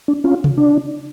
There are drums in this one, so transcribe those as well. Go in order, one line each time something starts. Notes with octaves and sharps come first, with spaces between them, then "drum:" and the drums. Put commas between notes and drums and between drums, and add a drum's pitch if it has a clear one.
D4
C#4 F4
drum: tom C3
D4